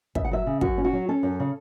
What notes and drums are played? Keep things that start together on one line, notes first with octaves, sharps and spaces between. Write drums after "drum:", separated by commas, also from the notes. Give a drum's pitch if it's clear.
C#3 E5, drum: kick
F#5
F#3 E5
C#3
F#2 F#4, drum: kick
C#4
F#4
F#3
C#4 A4
F#2
C#3